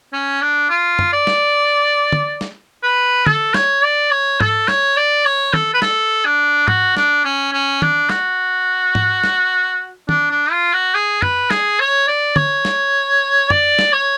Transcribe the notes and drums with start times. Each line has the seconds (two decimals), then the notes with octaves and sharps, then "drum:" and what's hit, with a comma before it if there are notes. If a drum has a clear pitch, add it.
0.13 C#4
0.41 D4
0.70 F4
0.99 drum: tom
1.13 D5
1.27 drum: snare
2.12 drum: tom
2.41 drum: snare
2.83 B4
3.26 A4, drum: tom
3.54 C#5, drum: snare
3.84 D5
4.11 C#5
4.40 A4, drum: tom G#2
4.68 C#5, drum: snare
4.97 D5
5.25 C#5
5.54 A4, drum: tom
5.74 B4
5.82 A4, drum: snare
6.25 D4
6.68 F#4, drum: tom G#2
6.97 D4, drum: snare
7.24 C#4
7.53 C#4
7.82 D4, drum: tom
8.09 F#4, drum: snare
8.95 drum: tom G#2
9.24 drum: snare
10.09 D4, drum: tom
10.31 D4
10.52 F4
10.73 F#4
10.94 G#4
11.22 B4, drum: tom
11.50 G#4, drum: snare
11.80 C#5
12.08 D5
12.36 C#5, drum: tom
12.65 drum: snare
13.50 D5, drum: tom
13.79 drum: snare
13.93 C#5